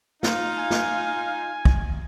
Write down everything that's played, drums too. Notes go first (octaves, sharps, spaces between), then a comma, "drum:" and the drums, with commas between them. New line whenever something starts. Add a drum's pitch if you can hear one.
D#4 F4 F5, drum: snare
G#5
drum: snare
drum: kick